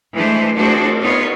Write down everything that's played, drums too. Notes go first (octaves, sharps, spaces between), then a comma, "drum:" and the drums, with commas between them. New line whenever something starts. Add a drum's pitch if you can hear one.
E3 G#3 A3 D4 B4 C5
A3 D4 F#4 G#4 C5, drum: cymbal
B3 D#4 F4 C#5